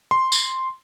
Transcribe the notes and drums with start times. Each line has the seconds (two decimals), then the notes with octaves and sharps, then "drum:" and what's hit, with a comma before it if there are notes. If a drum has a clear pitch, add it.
0.11 C6
0.32 drum: tambourine